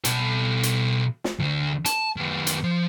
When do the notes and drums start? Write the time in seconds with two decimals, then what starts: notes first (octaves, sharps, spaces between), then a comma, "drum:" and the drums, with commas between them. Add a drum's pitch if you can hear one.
0.05 B2 A4, drum: hi-hat
0.63 drum: hi-hat
1.24 drum: snare
1.39 D2 D3
1.86 A5, drum: hi-hat
2.17 D#3 B3
2.47 drum: hi-hat
2.63 F3